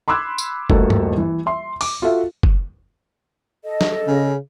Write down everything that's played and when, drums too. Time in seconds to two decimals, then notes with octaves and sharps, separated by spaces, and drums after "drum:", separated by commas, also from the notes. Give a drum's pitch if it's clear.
0.08 B5 C6 D6 E6 F#6 G#6
0.38 drum: tambourine
0.70 D#1 A1 A#3 F#4 A4, drum: kick
0.90 drum: tom G2
1.18 E3
1.46 E5 C6
1.81 D6, drum: open hi-hat
2.02 F4 F#4 A4 E5
2.43 drum: kick
3.63 A4 D#5
3.81 drum: snare
4.08 C#3